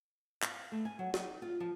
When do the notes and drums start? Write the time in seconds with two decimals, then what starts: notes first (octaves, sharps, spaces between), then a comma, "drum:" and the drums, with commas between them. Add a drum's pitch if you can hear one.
0.42 F5, drum: clap
0.72 A3
0.85 G#5
0.99 F#3
1.14 D#4, drum: snare
1.42 F4
1.60 F3